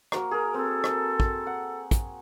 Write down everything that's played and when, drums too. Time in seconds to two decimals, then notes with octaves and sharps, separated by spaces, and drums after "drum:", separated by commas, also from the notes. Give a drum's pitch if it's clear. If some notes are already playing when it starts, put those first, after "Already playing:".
0.12 A#3 F#4 A#4, drum: rim click
0.31 G#4 A#4
0.54 C4 A4
0.84 drum: rim click
1.20 drum: kick
1.47 F#5
1.91 drum: kick, hi-hat